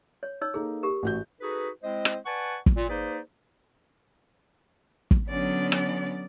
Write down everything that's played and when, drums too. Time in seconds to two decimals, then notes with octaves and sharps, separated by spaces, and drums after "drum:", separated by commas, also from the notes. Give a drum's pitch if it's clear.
0.23 C#5
0.41 D#4 C#5 E6
0.54 A#3 D#4 G#4 A4
0.83 G4 A#4
1.03 A1 F#4 G6
1.41 D#4 F#4 G#4 A4 B4
1.83 G#3 C4 E4 C5 D#5
2.05 drum: rim click
2.26 B4 D5 F#5 G#5 A5 C#6
2.66 drum: kick
2.76 A#2
2.89 A#3 D#4 G#4 B4 C5 D5
5.11 drum: kick
5.29 D3 F#3 B3 C#4 D5
5.72 drum: rim click